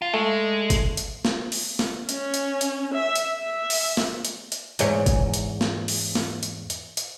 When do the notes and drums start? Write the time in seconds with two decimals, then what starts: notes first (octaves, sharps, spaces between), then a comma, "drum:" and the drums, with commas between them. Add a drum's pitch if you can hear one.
0.02 F4
0.14 G#3 A3
0.70 drum: kick, hi-hat
0.97 drum: hi-hat
1.25 drum: snare
1.52 drum: open hi-hat
1.79 drum: snare
2.09 C#4, drum: hi-hat
2.34 drum: hi-hat
2.61 drum: hi-hat
2.94 E5
3.15 drum: hi-hat
3.35 E5
3.70 drum: open hi-hat
3.97 drum: snare
4.25 drum: hi-hat
4.52 drum: hi-hat
4.79 E2 G#2 C#5, drum: hi-hat
5.06 drum: kick, hi-hat
5.34 drum: hi-hat
5.61 drum: snare
5.88 drum: open hi-hat
6.15 drum: snare
6.43 drum: hi-hat
6.70 drum: hi-hat
6.97 drum: hi-hat